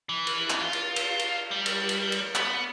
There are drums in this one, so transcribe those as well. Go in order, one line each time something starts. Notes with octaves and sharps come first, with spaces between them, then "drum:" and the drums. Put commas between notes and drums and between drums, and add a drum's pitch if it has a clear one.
E3
drum: cymbal
drum: clap
F4
drum: cymbal
drum: cymbal
drum: cymbal
G3
drum: cymbal
drum: cymbal
drum: cymbal
B3, drum: clap